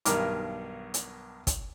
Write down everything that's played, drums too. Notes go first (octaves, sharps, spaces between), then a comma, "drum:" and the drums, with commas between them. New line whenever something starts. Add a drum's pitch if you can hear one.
B1 G2 D#3 A#4 D6, drum: hi-hat
drum: hi-hat
drum: kick, hi-hat